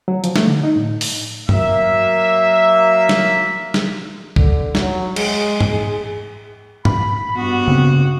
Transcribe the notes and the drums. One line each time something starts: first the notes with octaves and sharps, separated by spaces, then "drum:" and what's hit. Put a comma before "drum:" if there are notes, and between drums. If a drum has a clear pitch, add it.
F#3
F3, drum: hi-hat
A3, drum: snare
D3
D#4
A2
drum: open hi-hat
F#3 A#3 A#4 E5, drum: tom G2
drum: snare
drum: snare
D3, drum: kick C2
F#3, drum: snare
G#3, drum: cymbal
drum: tom G#2
G#4
B5, drum: tom G#2
G2 B3 F#4
C#3 A#3 C4